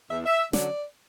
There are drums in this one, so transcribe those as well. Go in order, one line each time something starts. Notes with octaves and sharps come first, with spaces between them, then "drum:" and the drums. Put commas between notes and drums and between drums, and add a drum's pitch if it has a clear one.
E2 E5
E5
D3 F#3 C#4 D5, drum: snare